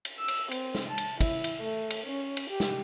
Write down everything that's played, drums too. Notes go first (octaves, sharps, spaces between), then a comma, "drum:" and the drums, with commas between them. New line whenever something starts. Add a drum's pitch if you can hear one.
drum: cymbal
E6
drum: cymbal
C4, drum: cymbal
drum: snare
A5
drum: cymbal
E4, drum: kick, cymbal
drum: cymbal
A3
drum: cymbal
C#4
drum: cymbal
G4
drum: snare